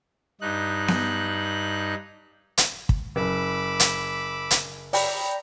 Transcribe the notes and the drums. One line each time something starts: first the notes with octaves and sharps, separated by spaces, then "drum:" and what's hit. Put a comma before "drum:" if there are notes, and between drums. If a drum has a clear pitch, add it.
G2 D#4 F#6
drum: snare B3
drum: hi-hat
drum: kick
F#1 B5 D6 E6
drum: hi-hat
drum: hi-hat
D5 G5 A#5 B5, drum: open hi-hat